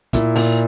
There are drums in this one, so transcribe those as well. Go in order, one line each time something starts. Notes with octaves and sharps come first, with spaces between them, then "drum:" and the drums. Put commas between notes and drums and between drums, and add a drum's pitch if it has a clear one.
A#2 E4, drum: kick, hi-hat
A#2, drum: open hi-hat